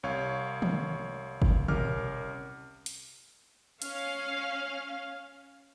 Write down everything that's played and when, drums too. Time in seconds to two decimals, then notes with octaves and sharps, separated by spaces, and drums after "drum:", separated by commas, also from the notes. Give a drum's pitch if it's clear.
0.03 C2 C#5 F5 C#6 G#6
0.62 drum: tom
1.42 drum: kick G1
1.68 C2 C#4 A#4 D6 F6, drum: tom A#2
2.86 drum: hi-hat
3.82 C#4 F5, drum: hi-hat